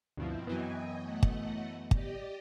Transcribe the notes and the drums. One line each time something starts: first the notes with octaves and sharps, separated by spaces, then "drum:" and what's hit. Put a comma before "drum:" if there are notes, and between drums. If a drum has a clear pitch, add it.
D2 G2 B2 F3 C4 E4
F#2 E3 F#3 B3 D#5 G5 G#5
A3 D#5 F#5
drum: kick
G4 D5 D#5, drum: kick